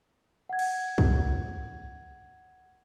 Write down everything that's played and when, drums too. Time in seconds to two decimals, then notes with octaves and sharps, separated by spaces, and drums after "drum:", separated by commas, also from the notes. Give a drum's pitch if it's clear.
0.49 F#5 G#6
0.59 drum: cymbal
0.98 drum: kick